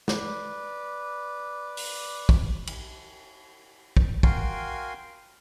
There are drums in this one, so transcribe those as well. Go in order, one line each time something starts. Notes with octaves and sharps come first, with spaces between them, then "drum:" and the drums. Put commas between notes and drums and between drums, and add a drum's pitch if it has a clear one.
B4 D5, drum: snare
drum: open hi-hat
drum: kick
drum: cymbal
drum: kick
F#4 A#4 F5 G5 G#5 C6, drum: kick